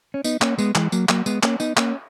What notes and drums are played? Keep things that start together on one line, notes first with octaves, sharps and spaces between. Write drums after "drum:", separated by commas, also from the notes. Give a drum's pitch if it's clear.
C#4
B3 D#4, drum: tambourine
A#3 C#4, drum: clap
G#3 B3, drum: tambourine
E3 G#3, drum: clap
F#3 A#3, drum: tambourine
F#3 A#3, drum: clap
G#3 B3, drum: tambourine
A#3 C#4, drum: clap
B3 D#4, drum: tambourine
A#3 C#4, drum: clap